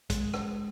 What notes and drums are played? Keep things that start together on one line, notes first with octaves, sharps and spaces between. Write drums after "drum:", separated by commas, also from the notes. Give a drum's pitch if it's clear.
G#3, drum: kick, hi-hat
drum: rim click